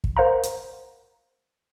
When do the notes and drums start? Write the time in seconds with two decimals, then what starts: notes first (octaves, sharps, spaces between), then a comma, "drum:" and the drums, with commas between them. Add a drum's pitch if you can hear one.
0.04 drum: kick
0.17 A#4 C5 F5 F#5 A#5
0.43 drum: hi-hat